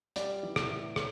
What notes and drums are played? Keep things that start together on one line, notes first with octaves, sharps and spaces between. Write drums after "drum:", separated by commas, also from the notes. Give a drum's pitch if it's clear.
G3 D5, drum: hi-hat
E3
drum: rim click
A2
C#5, drum: rim click